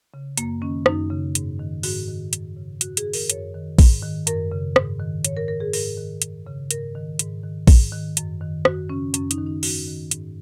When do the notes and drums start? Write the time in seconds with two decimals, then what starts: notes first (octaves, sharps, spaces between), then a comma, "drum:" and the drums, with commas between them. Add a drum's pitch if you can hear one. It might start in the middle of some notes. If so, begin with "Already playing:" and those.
0.14 C#3
0.37 F#2 A#3, drum: hi-hat
0.62 D#3 C#4
0.86 F#2 D#4, drum: rim click
1.11 C#3
1.35 G#2, drum: hi-hat
1.59 D#3
1.83 G#2 F#4, drum: open hi-hat
2.08 D#3
2.33 F#2, drum: hi-hat
2.57 C#3
2.81 G#2 F#4, drum: hi-hat
2.97 G#4, drum: hi-hat
3.06 D#3
3.13 A#4, drum: open hi-hat
3.30 F#2 C#5, drum: hi-hat
3.54 D#3
3.79 G#2, drum: kick A#1, open hi-hat
4.02 D#3
4.27 F#2 A#4, drum: hi-hat
4.52 C#3
4.76 G#2, drum: rim click
5.00 D#3
5.25 G#2 C#5, drum: hi-hat
5.37 A#4
5.48 D#3 A#4
5.60 G#4
5.73 G#2 A#4, drum: open hi-hat
5.97 D#3
6.22 F#2, drum: hi-hat
6.47 C#3
6.71 G#2 A#4, drum: hi-hat
6.95 D#3
7.19 G#2, drum: hi-hat
7.44 D#3
7.67 G#2, drum: kick A#1, open hi-hat
7.92 D#3
8.17 F#2, drum: hi-hat
8.41 D#3
8.65 F#2 F#4, drum: rim click
8.89 C#3 C#4
9.14 F#2 C#4, drum: hi-hat
9.31 D#4, drum: hi-hat
9.38 D#3
9.47 D#4
9.63 G#2 F#4, drum: open hi-hat
9.87 D#3
10.11 G#2, drum: hi-hat